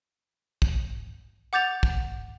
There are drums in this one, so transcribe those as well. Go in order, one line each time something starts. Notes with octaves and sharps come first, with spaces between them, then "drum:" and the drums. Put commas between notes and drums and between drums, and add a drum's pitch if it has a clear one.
drum: kick
F#5 D6 G6 A6 F7
drum: kick